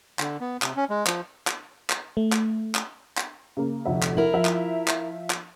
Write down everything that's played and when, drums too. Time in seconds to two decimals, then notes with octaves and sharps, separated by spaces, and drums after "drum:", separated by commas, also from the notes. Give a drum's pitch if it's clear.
0.19 D3, drum: clap
0.40 B3
0.62 C3, drum: clap
0.76 C#4
0.90 G#3
1.06 F3, drum: clap
1.47 drum: clap
1.90 drum: clap
2.17 A3
2.32 drum: clap
2.75 drum: clap
3.17 drum: clap
3.57 C#3 A#3
3.85 F1 D2 E5
4.03 drum: clap
4.17 E4 A#4 F#7
4.34 F3 E5
4.45 drum: clap
4.88 drum: clap
5.30 drum: clap